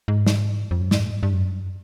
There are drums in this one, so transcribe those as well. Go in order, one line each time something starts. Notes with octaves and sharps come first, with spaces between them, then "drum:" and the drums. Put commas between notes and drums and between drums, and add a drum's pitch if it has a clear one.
G#2
drum: snare
F2
F#2
G#2, drum: snare
A2
G#2
G2
F#2